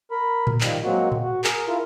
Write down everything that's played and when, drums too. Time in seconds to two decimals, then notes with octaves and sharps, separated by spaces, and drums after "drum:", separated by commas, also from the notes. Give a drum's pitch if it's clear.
0.11 A#4 B5
0.47 drum: tom A2
0.61 D#3 F3 G3, drum: clap
0.84 F#3 G#3 A#3 C4 F#4
1.12 drum: tom A2
1.23 F#4
1.44 G#4 A#4, drum: clap
1.68 E4 F4 A#4